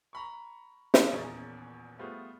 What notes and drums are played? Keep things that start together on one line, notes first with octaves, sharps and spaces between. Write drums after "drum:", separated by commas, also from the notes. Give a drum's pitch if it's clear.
A#5 B5 C#6
drum: snare
D#1 E2 A#2 C#4 G#4 D5
G3 A3 B3 F4 G#4 C5